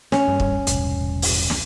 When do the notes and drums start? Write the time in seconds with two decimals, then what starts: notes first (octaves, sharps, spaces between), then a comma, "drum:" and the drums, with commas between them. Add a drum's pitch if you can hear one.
0.12 C#4, drum: snare
0.28 G2
0.40 drum: kick
0.67 E1 C2 A2, drum: hi-hat
1.22 drum: open hi-hat
1.50 drum: snare